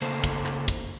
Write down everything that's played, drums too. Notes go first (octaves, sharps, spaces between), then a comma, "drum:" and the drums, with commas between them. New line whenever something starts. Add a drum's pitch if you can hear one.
C#3 A#3 A4 C5, drum: hi-hat
drum: kick, hi-hat
drum: clap
drum: kick, hi-hat